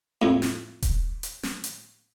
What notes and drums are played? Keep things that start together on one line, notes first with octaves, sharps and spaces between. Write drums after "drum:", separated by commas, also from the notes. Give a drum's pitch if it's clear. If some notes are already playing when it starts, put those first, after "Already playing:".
F2 A2
drum: snare
drum: kick D#1, hi-hat
drum: hi-hat
drum: snare
drum: hi-hat